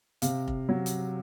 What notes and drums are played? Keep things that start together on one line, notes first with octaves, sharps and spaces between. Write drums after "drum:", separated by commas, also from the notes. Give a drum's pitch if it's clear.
C3 F5, drum: hi-hat
drum: kick F1
F#3
drum: hi-hat